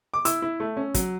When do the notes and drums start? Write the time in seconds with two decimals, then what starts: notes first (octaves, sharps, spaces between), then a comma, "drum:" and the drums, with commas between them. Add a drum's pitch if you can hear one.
0.14 D6
0.25 E4 E6, drum: hi-hat
0.42 E4
0.60 A3
0.77 C#4
0.94 F#3, drum: kick, hi-hat